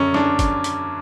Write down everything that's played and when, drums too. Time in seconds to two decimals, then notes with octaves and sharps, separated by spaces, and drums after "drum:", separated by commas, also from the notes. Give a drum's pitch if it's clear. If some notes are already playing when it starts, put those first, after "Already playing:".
Already playing: F#2 D3 C#4
0.14 D4, drum: snare
0.39 drum: kick, hi-hat
0.64 drum: hi-hat